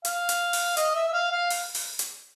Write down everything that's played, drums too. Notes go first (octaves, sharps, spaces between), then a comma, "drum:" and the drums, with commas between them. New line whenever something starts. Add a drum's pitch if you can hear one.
F5, drum: hi-hat
drum: hi-hat
drum: open hi-hat
D#5, drum: hi-hat
E5
E5
F5
F5
drum: open hi-hat
drum: open hi-hat
drum: hi-hat